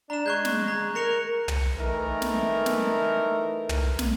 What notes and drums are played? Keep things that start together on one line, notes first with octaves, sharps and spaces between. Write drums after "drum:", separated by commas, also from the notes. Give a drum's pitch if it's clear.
D4 A#5 E7
G#3 C#6 F#6 G6
drum: snare
A#5
A#4 A#5 C#7 F7
drum: tom
E3 A3 D#4 A#4
drum: snare
drum: snare
drum: tom
drum: snare